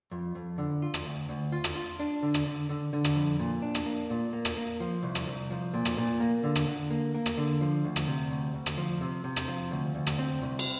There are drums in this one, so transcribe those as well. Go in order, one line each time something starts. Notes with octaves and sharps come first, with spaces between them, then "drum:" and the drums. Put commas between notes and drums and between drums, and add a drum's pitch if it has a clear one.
F2
F2
D3
F4
drum: rim click
D2
D2
F4
drum: rim click
F4
D4
D3
drum: rim click
D3
D3
D3
drum: rim click
F2
A#2
D4
drum: rim click
A#3
A#2
A#3
drum: rim click
A#3
F3
C2
drum: rim click
C2
F3
A#2
drum: rim click
A#2
A#3
D3
drum: rim click
D3
A#3
A#3
drum: rim click
D3
F3
D2
drum: rim click
C3
D2
D2
drum: rim click
F3
C3
C3
drum: rim click
F3
D2
D2
drum: rim click
C4
C2
drum: cymbal